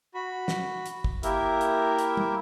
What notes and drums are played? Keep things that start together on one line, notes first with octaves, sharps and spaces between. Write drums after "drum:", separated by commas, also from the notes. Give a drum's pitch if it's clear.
F#4 B5
drum: snare
drum: hi-hat
drum: kick
A#3 E4 G4 A#4 E5, drum: hi-hat
drum: hi-hat
drum: hi-hat
drum: tom G3